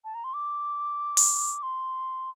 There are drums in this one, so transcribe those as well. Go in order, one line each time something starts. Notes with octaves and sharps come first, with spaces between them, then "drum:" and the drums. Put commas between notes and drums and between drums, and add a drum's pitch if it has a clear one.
A5
A#5
C6
D6
drum: open hi-hat
C6